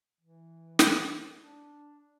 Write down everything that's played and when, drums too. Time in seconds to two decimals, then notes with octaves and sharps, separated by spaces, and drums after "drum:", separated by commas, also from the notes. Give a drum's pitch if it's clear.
0.21 E3
0.79 drum: snare
1.36 D4